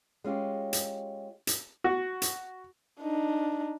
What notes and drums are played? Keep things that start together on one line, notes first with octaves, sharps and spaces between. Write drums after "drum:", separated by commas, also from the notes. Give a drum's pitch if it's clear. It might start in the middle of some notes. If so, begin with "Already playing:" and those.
G#3 C#4 F4 G4
drum: hi-hat
drum: hi-hat
F#4
drum: hi-hat
D4 D#4